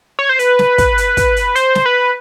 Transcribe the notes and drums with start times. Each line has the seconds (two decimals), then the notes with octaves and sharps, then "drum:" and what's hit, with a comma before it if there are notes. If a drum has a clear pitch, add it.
0.19 C#5
0.29 C5
0.39 B4, drum: hi-hat
0.59 drum: snare
0.78 drum: kick, hi-hat
0.98 drum: hi-hat
1.17 drum: kick, hi-hat
1.36 drum: hi-hat
1.55 C5, drum: hi-hat
1.75 drum: snare
1.86 B4